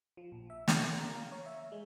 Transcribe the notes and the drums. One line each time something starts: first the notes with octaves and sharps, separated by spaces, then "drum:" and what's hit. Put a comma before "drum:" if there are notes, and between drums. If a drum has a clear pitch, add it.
F3
A#1
E5
C#7, drum: snare
A#3
A#5
F5
C#5
E5
G#3